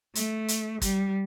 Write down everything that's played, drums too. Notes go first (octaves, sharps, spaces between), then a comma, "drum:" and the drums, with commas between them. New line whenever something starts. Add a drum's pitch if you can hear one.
A3, drum: hi-hat
drum: hi-hat
G3, drum: kick, hi-hat